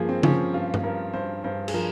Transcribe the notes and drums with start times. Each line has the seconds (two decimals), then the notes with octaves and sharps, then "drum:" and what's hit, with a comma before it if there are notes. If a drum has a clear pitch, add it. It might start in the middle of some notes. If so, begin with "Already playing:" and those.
Already playing: G2 F3 A#3 G#4
0.09 C4
0.23 F3 C#4, drum: tom C#3
0.54 G2 F4
0.74 drum: tom G2
0.84 G2 A#4
1.13 G2 C5
1.44 G2 C5
1.68 G#4, drum: cymbal
1.74 F3 A#4